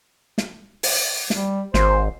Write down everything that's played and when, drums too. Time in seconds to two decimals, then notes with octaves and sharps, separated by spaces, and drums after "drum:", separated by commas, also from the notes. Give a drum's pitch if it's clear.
0.38 drum: snare
0.83 drum: open hi-hat
1.30 G3, drum: snare
1.74 G#1 C5, drum: snare